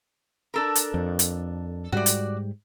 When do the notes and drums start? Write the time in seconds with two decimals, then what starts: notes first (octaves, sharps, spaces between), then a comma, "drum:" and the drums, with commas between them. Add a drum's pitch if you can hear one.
0.54 D4 A4 A#4
0.75 drum: hi-hat
0.94 F2
1.19 drum: hi-hat
1.92 G#2 G3 F#4 D5
2.06 drum: hi-hat